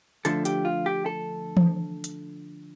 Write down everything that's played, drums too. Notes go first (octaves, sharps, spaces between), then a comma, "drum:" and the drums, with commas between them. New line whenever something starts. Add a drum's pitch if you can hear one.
D3 F3 A3 A4, drum: hi-hat
G4, drum: hi-hat
F4
G4
A4
drum: tom E3
drum: hi-hat